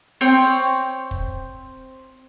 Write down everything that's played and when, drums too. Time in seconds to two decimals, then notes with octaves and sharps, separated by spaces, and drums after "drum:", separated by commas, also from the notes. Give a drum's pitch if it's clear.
0.21 C4 C#5 G5
0.42 drum: open hi-hat
1.11 drum: kick